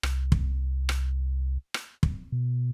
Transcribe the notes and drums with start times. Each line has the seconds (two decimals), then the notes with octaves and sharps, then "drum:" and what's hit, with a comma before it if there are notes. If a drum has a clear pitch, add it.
0.03 C2, drum: rim click
0.32 drum: kick
0.89 drum: rim click
1.74 drum: rim click
2.03 drum: kick
2.32 B2